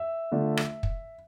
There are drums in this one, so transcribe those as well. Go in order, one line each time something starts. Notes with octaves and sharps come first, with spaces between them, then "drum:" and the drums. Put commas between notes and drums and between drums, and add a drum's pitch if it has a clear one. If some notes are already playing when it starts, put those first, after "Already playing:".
Already playing: E5
D3 A3 D4 F4
drum: rim click
drum: kick